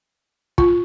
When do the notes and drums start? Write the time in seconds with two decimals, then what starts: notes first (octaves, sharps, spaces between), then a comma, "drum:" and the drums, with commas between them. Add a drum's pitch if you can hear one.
0.58 F4, drum: kick